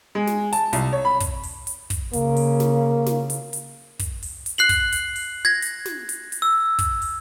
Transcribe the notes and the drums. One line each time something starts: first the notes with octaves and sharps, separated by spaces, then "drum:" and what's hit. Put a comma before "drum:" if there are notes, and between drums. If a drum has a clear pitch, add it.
G#3
drum: snare
A5, drum: hi-hat
C2, drum: hi-hat
C#5
B5
drum: kick, hi-hat
drum: open hi-hat
drum: hi-hat
drum: kick, hi-hat
C#3 A#3, drum: hi-hat
drum: open hi-hat
drum: snare
drum: snare
drum: hi-hat
drum: hi-hat
drum: kick, hi-hat
drum: open hi-hat
drum: hi-hat
F#6 C7 F#7
drum: kick, hi-hat
drum: hi-hat
drum: open hi-hat
G#6 A#6
drum: hi-hat
drum: snare
drum: hi-hat
drum: hi-hat
E6
drum: kick, hi-hat
drum: open hi-hat